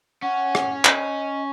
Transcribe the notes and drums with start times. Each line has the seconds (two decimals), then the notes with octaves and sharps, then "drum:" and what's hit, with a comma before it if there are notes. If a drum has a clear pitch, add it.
0.22 C#4 F#5
0.55 drum: rim click
0.85 D#5, drum: clap